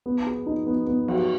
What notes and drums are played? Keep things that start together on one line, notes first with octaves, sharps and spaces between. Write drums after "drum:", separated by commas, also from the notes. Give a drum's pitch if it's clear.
B3
G#4
D#4
B3
B3
F#3, drum: cymbal